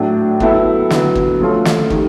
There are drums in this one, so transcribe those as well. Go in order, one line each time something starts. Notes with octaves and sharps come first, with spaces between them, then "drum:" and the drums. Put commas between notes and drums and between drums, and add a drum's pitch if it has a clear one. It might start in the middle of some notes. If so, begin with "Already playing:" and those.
Already playing: A2 F#3 A3 D4
F#3 B3 E4 A4, drum: kick
D3 F#3 B3, drum: snare
drum: kick
F3 A3 C#4 F4 A4
drum: snare
D#3 G3, drum: kick